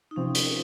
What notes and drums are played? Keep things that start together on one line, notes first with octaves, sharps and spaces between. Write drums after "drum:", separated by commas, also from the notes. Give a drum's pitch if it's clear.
D#4
C3 F3 C4 C#4
drum: hi-hat